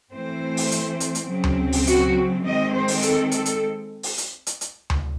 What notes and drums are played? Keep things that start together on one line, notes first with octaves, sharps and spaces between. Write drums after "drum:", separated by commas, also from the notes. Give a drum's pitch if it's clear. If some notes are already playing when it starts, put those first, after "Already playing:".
E3 A3 C4 C5
drum: open hi-hat
drum: hi-hat
drum: hi-hat
drum: hi-hat
C#3 F#3 C4
drum: tom D2
drum: open hi-hat
F#4, drum: hi-hat
D#3 G#3 C4 D#5
C5
drum: open hi-hat
A4, drum: hi-hat
A4, drum: hi-hat
drum: hi-hat
drum: open hi-hat
drum: hi-hat
drum: hi-hat
drum: hi-hat
drum: tom D2